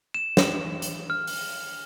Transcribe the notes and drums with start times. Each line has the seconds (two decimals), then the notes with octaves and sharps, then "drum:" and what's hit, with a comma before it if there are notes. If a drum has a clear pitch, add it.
0.14 E7
0.37 drum: snare
0.82 drum: hi-hat
1.10 F6
1.27 drum: open hi-hat